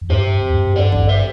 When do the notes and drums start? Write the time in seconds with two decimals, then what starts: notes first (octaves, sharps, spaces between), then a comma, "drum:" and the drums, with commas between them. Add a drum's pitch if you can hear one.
0.01 E2
0.10 G2 G4 C5
0.26 G2
0.42 E2
0.53 G2
0.65 G2
0.76 G2 A4 D5
0.92 drum: kick G#1
1.09 C5 E5